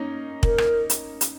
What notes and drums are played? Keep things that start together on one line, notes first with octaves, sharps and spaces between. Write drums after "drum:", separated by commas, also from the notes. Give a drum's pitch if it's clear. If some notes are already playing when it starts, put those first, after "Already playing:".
Already playing: A#3 C#4 D#4
A#4, drum: kick
drum: rim click
drum: hi-hat
drum: hi-hat